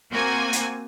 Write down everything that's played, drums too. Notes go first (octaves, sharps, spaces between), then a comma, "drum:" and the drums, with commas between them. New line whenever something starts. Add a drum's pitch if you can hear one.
A#3 C4 F#4 G#5
drum: hi-hat